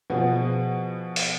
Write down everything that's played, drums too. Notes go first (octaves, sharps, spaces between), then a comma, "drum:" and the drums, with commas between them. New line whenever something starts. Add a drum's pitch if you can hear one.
B2 F3 B3 G#4
drum: open hi-hat